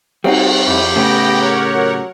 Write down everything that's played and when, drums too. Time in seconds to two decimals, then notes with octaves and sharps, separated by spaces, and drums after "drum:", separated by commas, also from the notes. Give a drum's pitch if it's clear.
0.24 G3 C4 D#4 F#4, drum: cymbal
0.66 F2 E4 G4
0.96 A2 C#3 A3 B3 G5 A#6
1.39 A#4 C#5 F#5
1.73 F#3